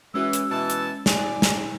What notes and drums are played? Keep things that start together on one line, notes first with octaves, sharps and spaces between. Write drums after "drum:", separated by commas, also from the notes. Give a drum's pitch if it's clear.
E3 G#3 C#4 F#4 E6
drum: hi-hat
B2 E3 A5
drum: hi-hat
D5 G#5, drum: snare
drum: snare